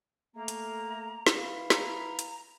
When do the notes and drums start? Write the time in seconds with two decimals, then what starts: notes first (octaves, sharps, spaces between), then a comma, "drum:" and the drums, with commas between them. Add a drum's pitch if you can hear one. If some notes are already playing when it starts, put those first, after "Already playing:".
0.36 A3 A#3 A#5
0.48 drum: hi-hat
1.27 drum: snare
1.36 E3 F5 B5
1.70 A#5, drum: snare
2.19 drum: hi-hat